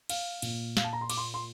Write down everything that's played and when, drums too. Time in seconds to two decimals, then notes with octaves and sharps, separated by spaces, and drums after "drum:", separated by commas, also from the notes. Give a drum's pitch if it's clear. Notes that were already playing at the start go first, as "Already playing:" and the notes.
0.09 F5, drum: cymbal
0.42 A#2, drum: cymbal
0.77 F5, drum: snare
0.84 A5
0.93 A#5
1.01 C6
1.10 D6, drum: cymbal
1.17 C6
1.34 C6